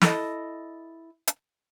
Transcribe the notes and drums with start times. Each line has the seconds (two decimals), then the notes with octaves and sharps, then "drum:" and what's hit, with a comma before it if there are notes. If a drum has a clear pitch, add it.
0.02 E4 A4 D#5, drum: snare
1.27 drum: hi-hat